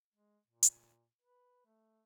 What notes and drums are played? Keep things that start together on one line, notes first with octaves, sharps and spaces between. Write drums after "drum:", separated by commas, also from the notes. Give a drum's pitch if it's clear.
G#3
A#2
drum: hi-hat
B4
A3